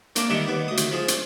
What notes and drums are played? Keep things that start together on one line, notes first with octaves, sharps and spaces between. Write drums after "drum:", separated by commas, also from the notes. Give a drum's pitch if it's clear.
A#3 D4, drum: hi-hat
D#3 G3 E5 F#5
D#2 B3
D2 D#6
drum: hi-hat
F3 G#4
drum: hi-hat